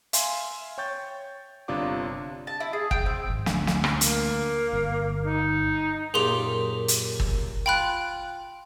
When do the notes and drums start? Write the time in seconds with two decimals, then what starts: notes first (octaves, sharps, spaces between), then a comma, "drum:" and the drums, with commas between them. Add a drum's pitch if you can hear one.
0.13 E5 F5 G#5 C6, drum: hi-hat
0.78 C#5 G5 C#6 G6 A6
1.68 G1 C3 D4 F4 F5 D6
2.47 A5
2.60 E4
2.73 G#4
2.91 G5, drum: kick
3.06 C4
3.30 G#1
3.46 D2, drum: snare
3.67 drum: snare
3.84 drum: rim click
4.01 A#3, drum: hi-hat
4.73 G1
5.25 D#4
6.14 F#2 A#2 G4 G#4 C6 F7
6.88 drum: hi-hat
7.20 drum: kick
7.66 F4 G5 B5 F#6